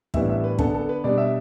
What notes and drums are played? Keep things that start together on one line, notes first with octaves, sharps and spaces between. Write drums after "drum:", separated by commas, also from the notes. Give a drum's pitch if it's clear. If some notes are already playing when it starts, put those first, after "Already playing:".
A2 E3 G3 B3 D4 E5, drum: kick
E5
B4
D3 B3 D4 A4, drum: kick
A4
B4
B2 G3 D4 D5
E5